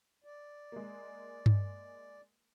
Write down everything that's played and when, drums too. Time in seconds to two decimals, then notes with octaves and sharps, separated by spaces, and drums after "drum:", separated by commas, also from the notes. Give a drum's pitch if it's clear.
0.24 D5
0.72 G#3 A#3
1.46 drum: tom G2